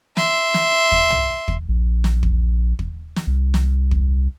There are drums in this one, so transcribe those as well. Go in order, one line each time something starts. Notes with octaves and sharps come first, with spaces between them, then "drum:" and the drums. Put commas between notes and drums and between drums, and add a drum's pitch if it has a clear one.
E5 C6, drum: snare
drum: snare
drum: kick
drum: tom
drum: kick
A#1
drum: snare
drum: kick
drum: kick
drum: snare
C2
drum: snare
drum: kick